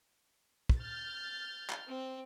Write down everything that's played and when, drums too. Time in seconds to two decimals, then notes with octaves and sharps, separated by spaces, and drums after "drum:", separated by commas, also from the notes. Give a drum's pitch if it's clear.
0.69 drum: kick
0.79 F6 G6 A6
1.70 drum: clap
1.86 C4